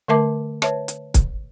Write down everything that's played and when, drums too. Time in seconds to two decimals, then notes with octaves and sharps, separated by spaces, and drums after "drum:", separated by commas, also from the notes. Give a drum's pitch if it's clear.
0.08 D3 A3 A#4 E5 A5 D6
0.62 B4 C#5 E5 A5, drum: rim click
0.88 drum: hi-hat
1.14 drum: kick, hi-hat